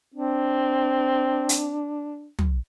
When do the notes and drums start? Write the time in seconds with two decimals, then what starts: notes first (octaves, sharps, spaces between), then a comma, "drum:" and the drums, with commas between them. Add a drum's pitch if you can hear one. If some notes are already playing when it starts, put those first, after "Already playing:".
0.15 C4 D4
1.49 drum: hi-hat
2.39 drum: tom